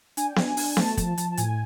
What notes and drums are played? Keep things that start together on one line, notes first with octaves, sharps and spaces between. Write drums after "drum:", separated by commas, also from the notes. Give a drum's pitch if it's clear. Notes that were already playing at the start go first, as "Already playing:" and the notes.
D4 G#5, drum: hi-hat
G5
D4 G#5, drum: snare B3
D4, drum: open hi-hat
A3 A5, drum: snare B3
F3, drum: kick, hi-hat
F3, drum: hi-hat
A5
A2 G#5, drum: hi-hat